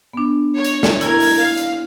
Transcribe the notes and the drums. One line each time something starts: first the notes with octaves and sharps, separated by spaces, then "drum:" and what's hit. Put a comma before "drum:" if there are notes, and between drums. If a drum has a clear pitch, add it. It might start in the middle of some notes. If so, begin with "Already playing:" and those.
B3 D4
C#5
drum: hi-hat
drum: snare
E4 A#4 G#6, drum: hi-hat
drum: open hi-hat
F5
drum: hi-hat